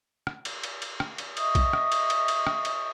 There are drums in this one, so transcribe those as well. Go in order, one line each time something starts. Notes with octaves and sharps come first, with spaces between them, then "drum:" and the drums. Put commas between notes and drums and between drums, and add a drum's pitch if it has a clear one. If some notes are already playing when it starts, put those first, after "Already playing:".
drum: rim click
drum: cymbal
drum: cymbal
drum: cymbal
drum: rim click
drum: cymbal
D#5 E5 C#6 D#6, drum: cymbal
drum: kick B1, cymbal
drum: rim click
drum: cymbal
drum: cymbal
drum: cymbal
drum: rim click
drum: cymbal